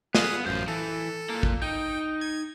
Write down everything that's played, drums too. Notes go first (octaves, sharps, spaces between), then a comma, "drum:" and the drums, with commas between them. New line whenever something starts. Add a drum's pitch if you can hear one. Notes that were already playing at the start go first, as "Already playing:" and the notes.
B3 G#4 F5 D#6, drum: snare
A1 F#2 C5 F5
E3 A4
A#2 A#3
drum: kick A1
D#4 G5
G#6